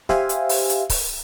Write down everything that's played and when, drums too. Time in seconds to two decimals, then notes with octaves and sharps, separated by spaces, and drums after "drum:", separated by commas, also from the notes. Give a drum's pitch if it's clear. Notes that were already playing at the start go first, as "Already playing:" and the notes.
0.09 G4 C5 E5 F5 G#5, drum: snare
0.29 drum: hi-hat
0.49 drum: open hi-hat
0.69 drum: hi-hat
0.90 drum: kick C#1, open hi-hat